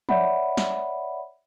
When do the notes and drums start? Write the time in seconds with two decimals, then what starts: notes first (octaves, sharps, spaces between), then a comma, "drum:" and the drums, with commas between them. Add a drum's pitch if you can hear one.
0.09 C#5 D5 E5 F#5 B5, drum: tom F3
0.57 drum: snare